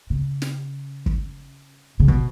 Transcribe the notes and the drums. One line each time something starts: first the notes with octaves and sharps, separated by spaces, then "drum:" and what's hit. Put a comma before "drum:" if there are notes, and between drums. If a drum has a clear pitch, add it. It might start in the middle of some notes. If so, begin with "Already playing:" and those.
C#3
drum: snare
drum: kick
C#3
B2, drum: kick